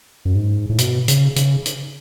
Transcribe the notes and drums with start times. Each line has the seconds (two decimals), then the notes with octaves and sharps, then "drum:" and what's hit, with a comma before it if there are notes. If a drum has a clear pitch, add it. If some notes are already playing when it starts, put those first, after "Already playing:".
0.25 F#2
0.35 G#2
0.69 A2
0.78 B2, drum: hi-hat
1.08 C#3, drum: hi-hat
1.36 C#3, drum: hi-hat
1.66 drum: hi-hat